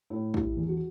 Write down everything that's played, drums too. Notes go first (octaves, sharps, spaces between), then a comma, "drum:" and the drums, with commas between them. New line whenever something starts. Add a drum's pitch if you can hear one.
A2
G3 E4, drum: kick
E2
F#4